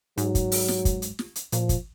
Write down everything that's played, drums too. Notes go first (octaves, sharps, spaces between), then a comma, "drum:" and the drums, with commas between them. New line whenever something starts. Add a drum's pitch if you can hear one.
G#2 F#3, drum: hi-hat
drum: kick, hi-hat
drum: open hi-hat
drum: snare
drum: kick, hi-hat
drum: hi-hat
drum: snare
drum: hi-hat
A#2 F3, drum: hi-hat
drum: kick, hi-hat